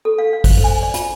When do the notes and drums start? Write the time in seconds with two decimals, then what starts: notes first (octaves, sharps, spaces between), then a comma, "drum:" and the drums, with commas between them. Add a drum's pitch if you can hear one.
0.05 A4
0.18 F5
0.33 F5
0.44 C5, drum: kick, open hi-hat
0.64 G#5
0.83 D5
0.94 F4, drum: hi-hat